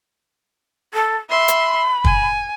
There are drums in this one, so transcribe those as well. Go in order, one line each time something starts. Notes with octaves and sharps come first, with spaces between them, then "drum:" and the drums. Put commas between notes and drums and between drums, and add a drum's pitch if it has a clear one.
A4
E5 B5 C6
drum: hi-hat
G#5, drum: kick